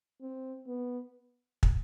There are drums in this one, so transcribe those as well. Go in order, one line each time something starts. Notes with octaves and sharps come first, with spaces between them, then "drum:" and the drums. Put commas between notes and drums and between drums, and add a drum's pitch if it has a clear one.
C4
B3
drum: kick